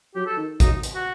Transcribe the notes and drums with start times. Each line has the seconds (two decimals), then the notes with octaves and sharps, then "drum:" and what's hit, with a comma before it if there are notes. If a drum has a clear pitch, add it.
0.15 F#3 G4
0.26 A4
0.37 D#3
0.60 F#3 D#4, drum: kick, hi-hat
0.83 drum: hi-hat
0.95 F#4